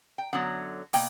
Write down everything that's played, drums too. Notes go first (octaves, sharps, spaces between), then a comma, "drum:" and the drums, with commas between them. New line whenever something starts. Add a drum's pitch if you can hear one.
G5
F#2 D3 F#3 B3 F#5
B2 A#3 G5, drum: open hi-hat